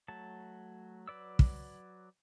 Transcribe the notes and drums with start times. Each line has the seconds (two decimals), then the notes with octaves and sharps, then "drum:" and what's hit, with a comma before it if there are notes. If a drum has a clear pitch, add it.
0.08 F#3 A3 A5
1.08 F#3 B4 D5 E6
1.39 drum: kick